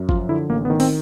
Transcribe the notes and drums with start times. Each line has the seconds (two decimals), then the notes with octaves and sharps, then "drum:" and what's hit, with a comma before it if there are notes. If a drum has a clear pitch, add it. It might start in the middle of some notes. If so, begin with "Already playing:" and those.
Already playing: F#2
0.09 F3 F4, drum: kick
0.29 D3 E4
0.49 A1 A#3
0.65 B3
0.70 D#3
0.80 C4, drum: open hi-hat